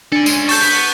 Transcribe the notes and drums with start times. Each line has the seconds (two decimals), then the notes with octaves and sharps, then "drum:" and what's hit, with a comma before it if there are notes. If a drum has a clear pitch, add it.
0.12 D4 A4 D5
0.26 G#3 C#4, drum: tambourine
0.49 A4 A5 C#6 G6, drum: open hi-hat
0.61 B3